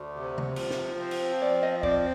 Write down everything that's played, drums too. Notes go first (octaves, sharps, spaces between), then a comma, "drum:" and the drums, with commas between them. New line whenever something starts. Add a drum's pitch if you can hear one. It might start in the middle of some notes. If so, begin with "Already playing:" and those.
Already playing: D2 D5
C3
drum: tom C3
F3, drum: cymbal
drum: snare
C4
drum: cymbal
F3 D5
D#5
C4 D5, drum: kick